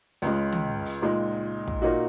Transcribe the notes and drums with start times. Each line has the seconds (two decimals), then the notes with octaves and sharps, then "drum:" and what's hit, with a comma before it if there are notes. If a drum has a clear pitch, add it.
0.22 C#2 C#3 G#3, drum: hi-hat
0.52 drum: tom
0.86 drum: open hi-hat
1.02 A#2 G#3 D#4
1.68 drum: kick
1.82 A#2 A#3 D#4 F#4